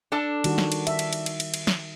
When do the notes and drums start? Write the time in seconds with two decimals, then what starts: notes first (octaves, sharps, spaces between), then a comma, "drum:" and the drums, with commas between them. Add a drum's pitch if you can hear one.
0.12 D4 A4 A5
0.44 D#3 G3 F#4, drum: cymbal
0.58 drum: snare
0.72 drum: cymbal
0.87 E5, drum: cymbal
0.99 drum: cymbal
1.13 drum: cymbal
1.26 drum: cymbal
1.40 drum: cymbal
1.54 drum: cymbal
1.67 drum: snare